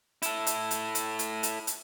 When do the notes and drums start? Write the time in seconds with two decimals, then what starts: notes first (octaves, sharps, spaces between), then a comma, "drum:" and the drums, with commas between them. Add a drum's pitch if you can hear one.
0.22 E4 A4, drum: hi-hat
0.47 drum: hi-hat
0.71 drum: hi-hat
0.95 drum: hi-hat
1.19 drum: hi-hat
1.43 drum: hi-hat
1.67 drum: hi-hat